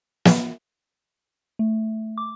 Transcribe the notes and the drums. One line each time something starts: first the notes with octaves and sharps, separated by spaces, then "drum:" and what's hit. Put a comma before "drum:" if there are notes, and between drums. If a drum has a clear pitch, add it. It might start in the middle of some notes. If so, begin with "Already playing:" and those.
drum: snare
A3
D6